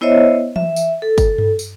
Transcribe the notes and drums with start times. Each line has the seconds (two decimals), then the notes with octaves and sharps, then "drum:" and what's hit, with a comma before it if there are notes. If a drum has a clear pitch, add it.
0.01 B3 E4 C5 C#5 D#5 E5
0.56 E5, drum: tom E3
0.76 drum: tambourine
1.02 A4
1.18 drum: kick, tambourine
1.38 drum: tom G2
1.59 drum: tambourine